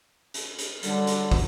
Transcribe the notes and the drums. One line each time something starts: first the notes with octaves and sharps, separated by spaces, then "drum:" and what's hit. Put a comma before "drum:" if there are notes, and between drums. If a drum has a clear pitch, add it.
drum: hi-hat
drum: hi-hat
D3 F#3 G3, drum: hi-hat
drum: hi-hat
drum: kick, open hi-hat